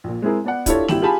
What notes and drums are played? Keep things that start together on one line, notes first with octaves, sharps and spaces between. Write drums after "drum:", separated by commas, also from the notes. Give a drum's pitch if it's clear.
A#1 A#2
G#3 C4 E4 G#4 A#4
B3 D5 F#5
D4 E4 F4 G4 A4 C#5, drum: kick, hi-hat
G#1 G3 E4 G5 E7 F#7, drum: snare
F4 G4 G#4 G#5 A5 B5